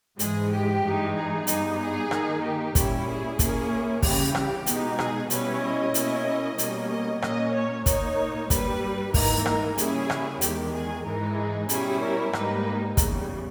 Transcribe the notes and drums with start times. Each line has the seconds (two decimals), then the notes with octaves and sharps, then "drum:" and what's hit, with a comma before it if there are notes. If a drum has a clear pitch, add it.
0.19 G#2 E3 G#3 G#4, drum: hi-hat
0.51 G4
0.83 G2 E3 G#3 D#4
1.15 G#4
1.47 G2 G3 B3 D#4, drum: hi-hat
1.79 G#4
2.11 D#3 A#3 D#4, drum: rim click
2.43 G4
2.75 A#2 G3 C#4 E4, drum: kick, hi-hat
3.07 G#4
3.39 A#2 A#3 C#4 E4, drum: kick, hi-hat
4.02 C#3 E3 G3 G4, drum: kick, open hi-hat
4.35 drum: rim click
4.66 B2 G#3 D#4, drum: hi-hat
4.99 G#4, drum: rim click
5.30 B2 G3 C#4 E4 B4, drum: hi-hat
5.63 D#5
5.94 B2 A#3 C#4 E4, drum: hi-hat
6.58 B2 G3 A#3 C#4, drum: hi-hat
6.90 D#5
7.22 A#2 A#3 C#4 D#5, drum: rim click
7.54 C#5
7.86 A#2 A#3 D#4 C#5, drum: kick, hi-hat
8.50 G2 G3 A#3 B4, drum: kick, hi-hat
9.14 G#2 E3 A#3 D#4 A#4, drum: kick, open hi-hat
9.46 A#4, drum: rim click
9.78 C#3 G3 A#3 C#4 E4 G#4, drum: hi-hat
10.10 drum: rim click
10.41 E2 D#3 G#3 G4, drum: hi-hat
10.74 G#4
11.05 G#2 E3 G#3 D#4 A#4
11.37 G#4
11.69 B2 G3 C#4 E4 G#4, drum: hi-hat
12.01 A#4
12.33 G#2 G3 A#3 D#4 B4, drum: rim click
12.97 E2 C#3 G3, drum: kick, hi-hat